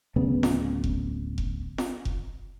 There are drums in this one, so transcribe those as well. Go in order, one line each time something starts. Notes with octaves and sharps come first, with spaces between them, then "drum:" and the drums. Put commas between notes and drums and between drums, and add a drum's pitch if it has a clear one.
D1 C#3 B3 D4
drum: snare
drum: kick F1
drum: kick F1
drum: snare
drum: kick F1